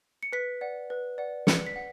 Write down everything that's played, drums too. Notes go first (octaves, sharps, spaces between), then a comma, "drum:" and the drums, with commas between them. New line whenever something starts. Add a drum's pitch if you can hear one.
C#7
B4 B6
D5 F#5
B4
D5 F#5
B4 C#7, drum: snare
B6
F#5